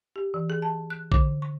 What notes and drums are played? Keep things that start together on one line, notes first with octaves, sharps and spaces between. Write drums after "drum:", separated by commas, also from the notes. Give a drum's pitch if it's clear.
G4
E3
G#4
A5
F#6
D3, drum: kick A#1
C#6